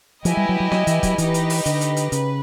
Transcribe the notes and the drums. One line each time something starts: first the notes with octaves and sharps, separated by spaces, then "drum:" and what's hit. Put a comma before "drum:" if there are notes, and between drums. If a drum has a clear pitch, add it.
F3 E4 G4 B4 D#5 G#5, drum: hi-hat
G3
F#3
F#3
F#3, drum: snare
E3, drum: hi-hat
F#3, drum: kick, hi-hat
E3 D#4 G4 B4 D#5, drum: hi-hat
drum: hi-hat
drum: open hi-hat
D3, drum: hi-hat
drum: hi-hat
drum: hi-hat
C#3 B4, drum: hi-hat